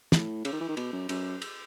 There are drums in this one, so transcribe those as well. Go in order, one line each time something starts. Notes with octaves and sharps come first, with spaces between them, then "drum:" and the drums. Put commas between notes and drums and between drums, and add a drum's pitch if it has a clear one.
A2, drum: snare
C#3, drum: cymbal
D#3
E3
D#3
B2, drum: cymbal
F#2
F#2, drum: cymbal
drum: cymbal